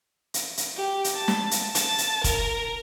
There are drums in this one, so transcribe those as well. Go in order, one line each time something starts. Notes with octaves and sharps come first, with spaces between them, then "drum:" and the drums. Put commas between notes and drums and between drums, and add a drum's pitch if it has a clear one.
drum: hi-hat
drum: hi-hat
G4
drum: hi-hat
A5
drum: snare
drum: hi-hat
A5, drum: hi-hat
drum: hi-hat
A#4, drum: kick, hi-hat